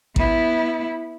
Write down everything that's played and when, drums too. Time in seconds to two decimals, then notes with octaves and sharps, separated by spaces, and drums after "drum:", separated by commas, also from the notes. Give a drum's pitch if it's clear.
0.16 B3 E4, drum: kick A1